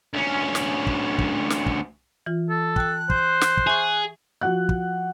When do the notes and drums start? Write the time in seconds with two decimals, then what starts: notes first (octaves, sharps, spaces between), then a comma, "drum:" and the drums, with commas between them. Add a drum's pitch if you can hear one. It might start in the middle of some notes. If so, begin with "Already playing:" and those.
0.14 D2 C#4
0.55 drum: snare
0.87 drum: kick
1.19 drum: kick
1.50 drum: snare
1.66 drum: kick
2.26 E3 F4
2.50 A4
2.76 G5 A5 F#6, drum: kick
3.10 C5, drum: kick
3.41 drum: snare
3.57 drum: kick
3.67 G#4 E5 C#6
4.41 F3 F#4 F#5 F#6
4.69 drum: kick